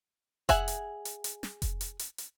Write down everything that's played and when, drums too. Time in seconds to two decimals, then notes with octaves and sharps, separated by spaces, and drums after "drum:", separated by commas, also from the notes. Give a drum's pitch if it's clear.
0.49 G#4 E5 F#5 G#5, drum: kick F1, hi-hat
0.68 drum: hi-hat
1.05 drum: hi-hat
1.24 drum: hi-hat
1.43 drum: snare
1.62 drum: kick F1, hi-hat
1.81 drum: hi-hat
1.99 drum: hi-hat
2.18 drum: hi-hat